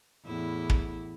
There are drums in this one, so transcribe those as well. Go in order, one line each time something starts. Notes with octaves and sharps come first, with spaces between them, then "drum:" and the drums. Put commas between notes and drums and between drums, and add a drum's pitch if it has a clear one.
E2 A2 E4
drum: kick